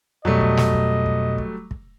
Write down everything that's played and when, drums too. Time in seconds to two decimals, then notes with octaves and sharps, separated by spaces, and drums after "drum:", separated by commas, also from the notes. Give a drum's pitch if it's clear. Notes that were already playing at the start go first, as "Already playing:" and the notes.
0.25 F2 B2 F#3 G3 A3 D#5
0.41 drum: kick
0.57 drum: snare
0.74 drum: kick
1.06 drum: kick
1.38 drum: kick
1.71 drum: kick